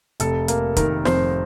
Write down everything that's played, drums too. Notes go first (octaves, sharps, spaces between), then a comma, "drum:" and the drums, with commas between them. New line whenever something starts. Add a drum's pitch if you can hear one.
F1 A4, drum: hi-hat
A#3 A#4, drum: hi-hat
D#3 A#4, drum: kick, hi-hat
F2 C5, drum: snare